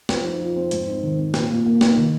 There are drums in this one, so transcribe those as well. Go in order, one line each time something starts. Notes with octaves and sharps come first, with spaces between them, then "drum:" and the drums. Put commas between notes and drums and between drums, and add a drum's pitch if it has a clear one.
F2, drum: snare
D#4
F3
C4
G#2, drum: hi-hat
D#4
D#3
C4
A#2, drum: snare
A#2
A#3
D#4, drum: snare
D#3